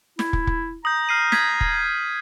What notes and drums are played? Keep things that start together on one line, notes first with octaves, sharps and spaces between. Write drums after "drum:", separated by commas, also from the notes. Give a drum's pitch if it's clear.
E4, drum: snare
drum: kick
drum: kick
A#5 D#6 G6
F6 C7 D#7
G#6 B6, drum: snare
drum: kick